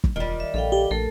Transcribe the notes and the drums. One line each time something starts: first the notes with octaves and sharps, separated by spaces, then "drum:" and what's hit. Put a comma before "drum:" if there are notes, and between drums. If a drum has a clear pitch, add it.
drum: kick
E1 D#3 G3 F4
E5
A#1 A4 F5 G5
G4
A#1 A3 A4 A#4